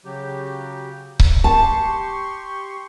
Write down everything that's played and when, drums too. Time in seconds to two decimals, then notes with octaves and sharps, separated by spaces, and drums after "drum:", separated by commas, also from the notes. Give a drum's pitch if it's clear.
0.05 C#3 F#3 G4
1.20 drum: kick C#1
1.44 G4 A5 C6 C#6